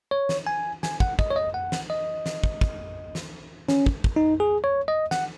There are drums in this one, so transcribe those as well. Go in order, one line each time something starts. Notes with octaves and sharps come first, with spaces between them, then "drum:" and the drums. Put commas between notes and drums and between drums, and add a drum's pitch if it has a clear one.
C#5
drum: snare
G#5
G#5, drum: snare
F#5, drum: kick
D#5, drum: kick
C#5
D#5
F#5
drum: snare
D#5
drum: snare
drum: kick
drum: kick
drum: snare
C#4, drum: snare
drum: kick
drum: kick
D#4
G#4
C#5
D#5
F#5, drum: snare